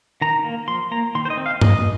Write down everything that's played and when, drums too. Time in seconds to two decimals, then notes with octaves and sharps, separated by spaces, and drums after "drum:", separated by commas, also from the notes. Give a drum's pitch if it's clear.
0.21 D#3 A#5
0.44 A#3
0.68 F3 C6
0.91 A#3 A#5
1.15 D#3 C6
1.25 C5
1.30 D#5
1.37 C4
1.46 F5
1.61 F3 D#5, drum: tom G2